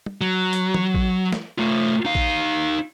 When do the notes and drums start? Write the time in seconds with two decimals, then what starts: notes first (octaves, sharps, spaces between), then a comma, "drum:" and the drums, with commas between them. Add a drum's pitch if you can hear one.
0.06 drum: tom
0.21 F#3
0.53 drum: hi-hat
0.74 drum: tom
0.94 drum: kick
1.32 drum: snare
1.58 A3 F4
2.05 D#4 F5
2.15 drum: kick